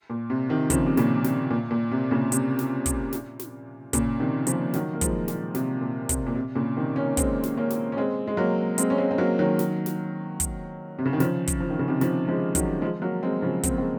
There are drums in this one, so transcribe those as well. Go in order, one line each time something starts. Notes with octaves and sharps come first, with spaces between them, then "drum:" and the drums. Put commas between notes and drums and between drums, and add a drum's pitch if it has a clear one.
A#2
C3
C3 D#3
C#3 F3, drum: kick, hi-hat
C3
A#2 C#3, drum: snare
C3, drum: snare
A#2
A#2
C3
A#2 C#3
C3, drum: hi-hat
drum: snare
drum: kick, hi-hat
drum: snare
drum: snare
A#2 C#3, drum: kick, hi-hat
C3 D#3
C#3 F3, drum: hi-hat
D#3 F#3, drum: snare
A#3
F3 G#3, drum: kick, hi-hat
A#2, drum: snare
C3, drum: snare
A#2
C3, drum: kick, hi-hat
A#2
C3
A#2 C#3
C3 D#3
A#3 C#4
G#3 C4, drum: kick, hi-hat
drum: snare
A#3 C#4
drum: snare
C#4
G#3 C4
G#3
F#3 A#3
G#3 C4, drum: hi-hat
C#4
G#3 C4
C4
F#3 A#3
D#3 F#3
drum: snare
drum: snare
drum: kick, hi-hat
C3
C#3
D#3
C#3 F3, drum: snare
drum: kick, hi-hat
F3
D#3
C#3
C3 D#3
C#3 F3, drum: snare
F3 G#3
D#3 F#3, drum: kick, hi-hat
F3 G#3
F#3 A#3
G#3 C4
C#3 F3
C4, drum: kick, hi-hat
A#3
G#3 C4